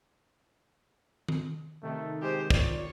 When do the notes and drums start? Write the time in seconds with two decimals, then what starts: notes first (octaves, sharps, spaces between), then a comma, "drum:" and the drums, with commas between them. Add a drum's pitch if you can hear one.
1.28 drum: tom D#3
1.83 C3 D#3 A3
2.22 G#3 G4 C5
2.50 F4 C#5 D5, drum: kick